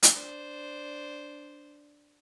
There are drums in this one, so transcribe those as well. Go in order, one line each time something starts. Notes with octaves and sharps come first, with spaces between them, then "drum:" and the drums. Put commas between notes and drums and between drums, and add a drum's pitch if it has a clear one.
drum: hi-hat
D4 C5